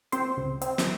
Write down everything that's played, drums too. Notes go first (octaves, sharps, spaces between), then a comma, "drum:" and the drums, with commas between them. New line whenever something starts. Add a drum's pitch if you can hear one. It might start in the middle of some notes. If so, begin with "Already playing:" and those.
C4 C5, drum: hi-hat
C#2
C4, drum: hi-hat
drum: snare